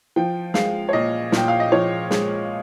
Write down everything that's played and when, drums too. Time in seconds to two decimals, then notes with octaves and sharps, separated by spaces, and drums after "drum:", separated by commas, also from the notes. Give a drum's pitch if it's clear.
0.16 F3 G5
0.54 G#3 F5, drum: snare
0.89 C#5
0.93 A#2 D#5
1.32 A#2 G5, drum: snare
1.48 F5
1.60 D#5
1.72 F3 C#5
2.11 G#3, drum: snare